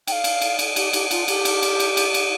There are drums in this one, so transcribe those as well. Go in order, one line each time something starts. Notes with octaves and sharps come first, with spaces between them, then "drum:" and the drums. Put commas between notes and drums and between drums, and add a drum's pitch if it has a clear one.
G5, drum: cymbal
F5
drum: cymbal
drum: cymbal
drum: cymbal
G4, drum: cymbal
G4, drum: cymbal
F4, drum: cymbal
G4, drum: cymbal
drum: cymbal
drum: cymbal
drum: cymbal
drum: cymbal
drum: cymbal